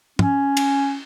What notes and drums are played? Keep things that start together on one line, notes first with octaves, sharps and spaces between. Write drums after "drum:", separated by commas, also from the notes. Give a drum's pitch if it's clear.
C#4, drum: tom
drum: cymbal